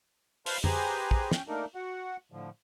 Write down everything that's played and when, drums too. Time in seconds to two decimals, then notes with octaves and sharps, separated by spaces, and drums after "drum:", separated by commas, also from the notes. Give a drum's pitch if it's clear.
0.46 B4 C5 F5 A5 C6, drum: open hi-hat
0.64 G4 G#4 B4 C5 G#5 A#5, drum: tom F2
1.11 drum: kick
1.31 C#4 G5, drum: snare
1.48 A3 A#3 D4 D#4 A#4
1.75 F#4 F#5
2.32 A2 D3 F3